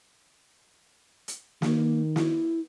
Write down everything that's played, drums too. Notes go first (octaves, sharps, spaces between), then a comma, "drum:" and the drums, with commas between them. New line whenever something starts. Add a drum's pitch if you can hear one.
drum: hi-hat
D#3 A#3, drum: snare
E4, drum: snare